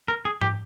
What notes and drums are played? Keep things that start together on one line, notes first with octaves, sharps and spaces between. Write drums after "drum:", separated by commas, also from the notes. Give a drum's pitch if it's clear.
A#4
G#4
G4, drum: tom G#2